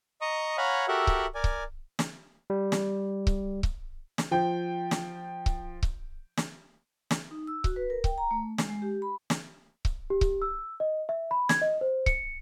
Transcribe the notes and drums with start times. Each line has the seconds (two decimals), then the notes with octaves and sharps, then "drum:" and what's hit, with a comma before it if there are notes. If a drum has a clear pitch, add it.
0.21 D#5 A#5 C#6 D#6
0.58 C#5 F5 F#5 G#5 A#5 B5
0.88 F#4 G4 A4 A#4 E5 F#5
1.07 drum: kick C#1
1.35 A#4 D5 G#5
1.44 drum: kick C#1
1.99 drum: snare
2.50 G3
2.72 drum: snare
3.27 drum: kick C#1
3.63 drum: kick C#1
4.18 drum: snare
4.31 F3 G5
4.91 drum: snare
5.46 drum: kick C#1
5.83 drum: kick C#1
6.37 drum: snare
7.11 drum: snare
7.31 D#4
7.47 E6
7.64 F#4, drum: kick C#1
7.76 B4
7.90 A#4
8.04 G5, drum: kick C#1
8.18 A#5
8.31 A3
8.58 G#3, drum: snare
8.70 G#3
8.82 G4
9.02 B5
9.30 drum: snare
9.85 drum: kick C#1
10.10 G4
10.21 drum: kick C#1
10.42 E6
10.80 D#5
11.09 E5
11.31 B5
11.49 G#6, drum: snare
11.62 D#5
11.81 C5
12.06 C#7, drum: kick C#1